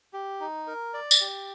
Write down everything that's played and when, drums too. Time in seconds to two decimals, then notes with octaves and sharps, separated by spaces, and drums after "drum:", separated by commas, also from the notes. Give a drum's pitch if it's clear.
0.13 G4
0.40 D#4
0.67 A#4
0.94 D5
1.11 drum: tambourine
1.21 G4